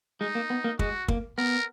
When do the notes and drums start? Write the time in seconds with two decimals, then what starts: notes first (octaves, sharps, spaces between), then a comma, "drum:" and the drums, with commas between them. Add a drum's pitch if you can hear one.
0.21 G#3 D#4
0.35 A#3
0.50 B3
0.64 A#3
0.79 G#3 F#4, drum: kick
1.08 A#3, drum: kick
1.38 B3 A#4